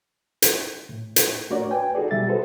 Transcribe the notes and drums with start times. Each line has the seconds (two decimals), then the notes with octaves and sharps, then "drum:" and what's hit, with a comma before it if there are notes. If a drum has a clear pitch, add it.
0.42 drum: hi-hat
0.89 A2
1.16 drum: hi-hat
1.50 A3 D4 F#4 A#4 C#5 D5
1.71 B4 G5 G#5
1.95 D#4 F#4 G#4 A4 D5
2.11 B2 G3 E5 A6
2.27 F#4 G#4 A4 B4 C5